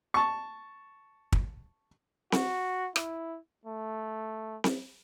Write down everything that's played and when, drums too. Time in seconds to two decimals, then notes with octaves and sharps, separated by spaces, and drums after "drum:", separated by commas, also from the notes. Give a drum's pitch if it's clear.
0.14 A5 C#6
1.32 drum: kick
2.32 F#4, drum: snare C4
2.96 E4, drum: rim click
3.66 A3
4.64 drum: snare C4